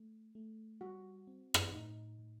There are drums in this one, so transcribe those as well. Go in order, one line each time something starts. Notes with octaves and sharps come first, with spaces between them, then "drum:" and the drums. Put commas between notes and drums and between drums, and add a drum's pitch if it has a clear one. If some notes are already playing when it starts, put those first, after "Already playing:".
Already playing: A3
A3
G3 F#4
C4
drum: rim click
A2 D#4
A2